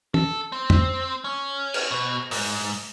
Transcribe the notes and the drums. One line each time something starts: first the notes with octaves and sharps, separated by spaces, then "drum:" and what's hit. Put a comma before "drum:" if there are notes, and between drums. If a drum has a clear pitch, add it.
A4, drum: tom
C4
drum: tom
C#4
drum: cymbal
B2
G#2, drum: open hi-hat